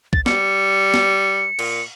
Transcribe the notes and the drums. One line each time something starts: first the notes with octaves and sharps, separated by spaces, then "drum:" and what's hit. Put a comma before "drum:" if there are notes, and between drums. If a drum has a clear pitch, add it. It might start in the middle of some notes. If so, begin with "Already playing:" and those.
A6, drum: kick
G3 C#7, drum: snare
drum: snare
A#2, drum: cymbal